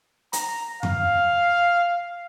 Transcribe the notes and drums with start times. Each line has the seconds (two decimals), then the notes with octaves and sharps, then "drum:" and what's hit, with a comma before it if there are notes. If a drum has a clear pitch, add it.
0.33 A#5, drum: hi-hat
0.83 F5, drum: tom F2